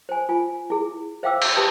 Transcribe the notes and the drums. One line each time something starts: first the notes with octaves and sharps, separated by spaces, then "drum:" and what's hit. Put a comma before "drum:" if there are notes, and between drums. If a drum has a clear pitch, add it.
C5 G#5
F4 G#5
E4 G#4
C5 E5 F5 G5 D6 E6
E6, drum: cymbal
G4 B4 A5 B5 D#6